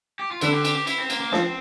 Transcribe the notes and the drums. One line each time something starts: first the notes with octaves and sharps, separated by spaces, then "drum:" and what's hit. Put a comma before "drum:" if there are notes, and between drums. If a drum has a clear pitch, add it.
G4
F4
D3 E4, drum: cymbal
G4
G4, drum: cymbal
G4
E4, drum: cymbal
C4
A#3, drum: cymbal
A#3
F3 C4, drum: snare